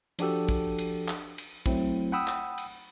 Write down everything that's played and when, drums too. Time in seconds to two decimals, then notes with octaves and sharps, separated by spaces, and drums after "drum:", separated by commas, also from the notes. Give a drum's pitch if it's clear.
0.19 F3 D4 F#4 G4 A4, drum: cymbal
0.49 drum: kick, cymbal
0.78 drum: cymbal
1.08 drum: clap
1.38 drum: cymbal
1.66 F#3 A3 C4 E4, drum: kick, cymbal
2.12 F#5 G5 B5 D#6 E6
2.28 drum: clap
2.58 drum: cymbal